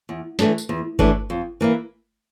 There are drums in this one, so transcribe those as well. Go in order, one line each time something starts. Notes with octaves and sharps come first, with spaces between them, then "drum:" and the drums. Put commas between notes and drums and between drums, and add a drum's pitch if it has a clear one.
E2
E3 A3 D4, drum: snare
drum: tambourine
E2
E3 A3 D4, drum: kick G1
F2
E3 A#3 E4